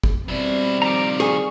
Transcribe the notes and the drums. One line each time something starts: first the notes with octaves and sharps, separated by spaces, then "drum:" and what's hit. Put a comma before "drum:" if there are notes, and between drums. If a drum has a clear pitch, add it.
drum: kick
B2 G3 C4 E4
D#3 F3 A#5 D6
G#4 C#6